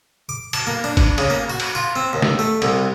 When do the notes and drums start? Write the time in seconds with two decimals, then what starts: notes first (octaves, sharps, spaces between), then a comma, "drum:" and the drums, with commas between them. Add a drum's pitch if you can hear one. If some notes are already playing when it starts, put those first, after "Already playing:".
0.29 D6
0.53 A5, drum: cymbal
0.67 A#3
0.84 D4
0.97 drum: kick G1, cymbal
1.18 C#3, drum: cymbal
1.30 A#3
1.50 F#4
1.60 drum: cymbal
1.75 F4
1.96 C4
2.13 D#2
2.22 drum: snare
2.39 A3
2.62 C2, drum: cymbal